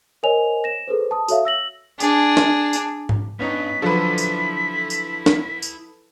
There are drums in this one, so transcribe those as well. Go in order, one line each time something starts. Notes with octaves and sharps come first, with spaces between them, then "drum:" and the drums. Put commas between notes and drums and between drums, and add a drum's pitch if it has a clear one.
A#4 C5 C#5 D#5 G#5 F7
A#6 E7
G#4 A4 B4 C5
A5 D#6
F#4 A4 C#5 E5 F5, drum: tambourine
E6 A#6 F#7
D4 G#4, drum: tambourine
drum: snare
drum: tambourine
drum: tom G#2
G2 B3 C#4 D#4 B6
D3 F3 F#3 E4 A4 B4 D5
drum: tambourine
drum: tambourine
drum: snare
drum: tambourine